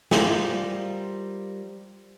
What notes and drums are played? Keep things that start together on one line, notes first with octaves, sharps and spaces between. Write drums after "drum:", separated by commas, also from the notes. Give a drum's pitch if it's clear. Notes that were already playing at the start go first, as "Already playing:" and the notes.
G3 C4 F4 A#4, drum: snare